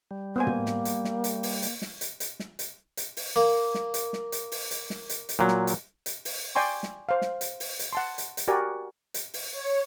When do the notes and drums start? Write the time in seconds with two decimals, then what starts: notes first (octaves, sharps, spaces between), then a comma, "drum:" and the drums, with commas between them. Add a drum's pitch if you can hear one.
0.11 G3
0.36 A#3 B3 C5 G#5
0.47 drum: tom
0.66 drum: snare
0.85 drum: hi-hat
1.05 drum: snare
1.24 drum: hi-hat
1.43 drum: open hi-hat
1.62 drum: hi-hat
1.82 drum: snare
2.01 drum: hi-hat
2.20 drum: hi-hat
2.40 drum: snare
2.59 drum: hi-hat
2.97 drum: hi-hat
3.17 drum: open hi-hat
3.36 A#3
3.74 drum: snare
3.94 drum: hi-hat
4.13 drum: snare
4.32 drum: hi-hat
4.52 drum: open hi-hat
4.71 drum: hi-hat
4.90 drum: snare
5.09 drum: hi-hat
5.29 drum: hi-hat
5.39 A#2 F#3
5.48 drum: snare
5.67 drum: hi-hat
6.06 drum: hi-hat
6.25 drum: open hi-hat
6.55 D5 G5 G#5 C6 C#6
6.83 drum: snare
7.09 C5 F5
7.22 drum: snare
7.41 drum: hi-hat
7.60 drum: open hi-hat
7.79 drum: hi-hat
7.93 F#5 A5 C6
8.18 drum: hi-hat
8.37 drum: hi-hat
8.48 F#4 G4 A#4 D5 G#5
9.14 drum: hi-hat
9.34 drum: open hi-hat
9.51 C#5